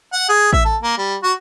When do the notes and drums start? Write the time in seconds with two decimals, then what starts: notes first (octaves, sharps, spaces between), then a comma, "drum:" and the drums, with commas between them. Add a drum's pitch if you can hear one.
0.13 F#5
0.29 G#4
0.53 E5, drum: kick A1
0.65 A4
0.82 A#3
0.98 G3
1.23 F#4